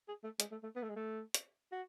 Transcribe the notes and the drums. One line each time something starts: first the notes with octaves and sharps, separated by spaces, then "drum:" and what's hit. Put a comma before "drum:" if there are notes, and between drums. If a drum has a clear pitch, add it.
G#4
A3
G#3, drum: hi-hat
A3
A3
B3
A3
G#3
A3
drum: hi-hat
F#4